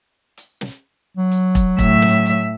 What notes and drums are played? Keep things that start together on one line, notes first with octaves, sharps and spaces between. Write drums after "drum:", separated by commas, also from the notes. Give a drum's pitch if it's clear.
drum: hi-hat
drum: snare
F#3
drum: hi-hat
drum: kick E1, hi-hat
A2 E5, drum: kick E1, hi-hat
drum: snare
drum: hi-hat